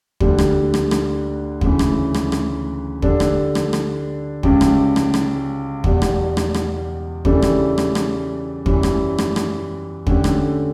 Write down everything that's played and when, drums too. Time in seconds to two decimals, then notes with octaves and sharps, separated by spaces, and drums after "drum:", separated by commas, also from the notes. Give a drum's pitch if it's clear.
0.21 D2 D3 G3, drum: kick
0.38 drum: rim click
0.74 drum: rim click
0.91 drum: rim click
1.61 D2 C#3 E3, drum: kick
1.79 drum: rim click
2.14 drum: rim click
2.32 drum: rim click
3.02 D3 G3 D4 A4, drum: kick
3.20 drum: rim click
3.55 drum: rim click
3.73 drum: rim click
4.43 C#2 C#3 G3 C#4 G4, drum: kick
4.61 drum: rim click
4.96 drum: rim click
5.14 drum: rim click
5.84 E2 B2 G3, drum: kick
6.02 drum: rim click
6.37 drum: rim click
6.54 drum: rim click
7.25 C#3 E3 G3 D4 A4, drum: kick
7.42 drum: rim click
7.78 drum: rim click
7.95 drum: rim click
8.66 F#2 E3 G3, drum: kick
8.83 drum: rim click
9.18 drum: rim click
9.36 drum: rim click
10.07 D3 A3 C#4 G4, drum: kick
10.24 drum: rim click